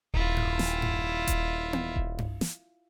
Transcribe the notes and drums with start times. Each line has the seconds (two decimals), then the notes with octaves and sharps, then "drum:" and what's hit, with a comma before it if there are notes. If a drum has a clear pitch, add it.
0.14 D#1 E4 F4, drum: kick D#1
0.36 drum: tom G2
0.59 drum: snare
0.82 drum: tom G2
1.27 drum: kick D#1, hi-hat
1.73 drum: tom B3
1.96 drum: kick D#1
2.18 drum: tom G2
2.41 drum: snare